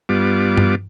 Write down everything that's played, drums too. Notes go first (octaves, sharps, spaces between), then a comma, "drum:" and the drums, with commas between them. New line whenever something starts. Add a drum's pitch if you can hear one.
G2 G3 B3 F4 D6
drum: tom G2